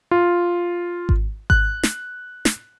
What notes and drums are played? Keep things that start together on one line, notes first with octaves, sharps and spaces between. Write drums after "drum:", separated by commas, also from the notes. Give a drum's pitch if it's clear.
F4
drum: kick G#1
F#6, drum: kick G#1
drum: snare
drum: snare